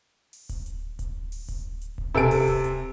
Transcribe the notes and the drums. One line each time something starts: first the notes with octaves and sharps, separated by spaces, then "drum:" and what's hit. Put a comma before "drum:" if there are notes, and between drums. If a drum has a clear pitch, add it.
drum: open hi-hat
drum: kick D1, hi-hat
drum: hi-hat
drum: kick D1, hi-hat
drum: open hi-hat
drum: kick D1, hi-hat
drum: hi-hat
drum: kick D1
C3 A4 G#5 D7
drum: open hi-hat
drum: kick D1, hi-hat
drum: hi-hat